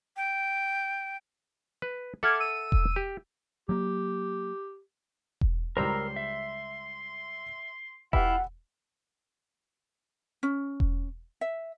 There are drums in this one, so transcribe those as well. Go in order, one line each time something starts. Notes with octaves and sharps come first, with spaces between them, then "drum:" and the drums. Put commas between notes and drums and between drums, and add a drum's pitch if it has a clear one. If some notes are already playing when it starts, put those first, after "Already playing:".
G5
B4
A4 E5 F#5 D6 F6 G#6
E6 D#7
drum: kick E1
G4
F#3 A#3 G4
drum: kick E1
C#2 G3 A#4 C5 A#5 C6 E6
E5
E4 F4 G4 B4 E5 F#5, drum: kick E1
C#4
drum: kick E1
E5